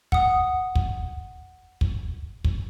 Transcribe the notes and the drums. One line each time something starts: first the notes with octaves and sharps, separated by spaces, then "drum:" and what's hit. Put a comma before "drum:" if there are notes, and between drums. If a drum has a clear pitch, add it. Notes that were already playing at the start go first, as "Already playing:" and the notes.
F#5 D#6, drum: kick
drum: kick
drum: kick
drum: kick